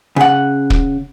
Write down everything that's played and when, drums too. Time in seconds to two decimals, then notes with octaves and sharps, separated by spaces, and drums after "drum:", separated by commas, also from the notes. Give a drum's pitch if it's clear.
0.16 C#3 F#5
0.70 drum: kick